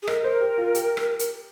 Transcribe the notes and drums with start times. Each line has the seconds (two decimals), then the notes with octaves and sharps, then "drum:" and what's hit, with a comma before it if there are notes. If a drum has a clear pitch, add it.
0.03 G#4
0.07 A#4 D#5, drum: rim click
0.24 C5
0.41 G4
0.58 F4
0.75 G4, drum: hi-hat
0.97 drum: rim click
1.19 drum: hi-hat